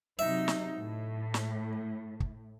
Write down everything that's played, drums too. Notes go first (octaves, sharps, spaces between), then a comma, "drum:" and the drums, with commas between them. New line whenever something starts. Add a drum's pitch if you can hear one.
C3 F#3 D#4 E5
drum: snare
A2
drum: snare
drum: kick